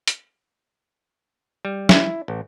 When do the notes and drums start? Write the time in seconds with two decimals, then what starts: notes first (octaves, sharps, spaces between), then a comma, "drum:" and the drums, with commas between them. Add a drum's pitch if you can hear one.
0.08 drum: hi-hat
1.65 G3
1.89 E4, drum: snare
2.28 A1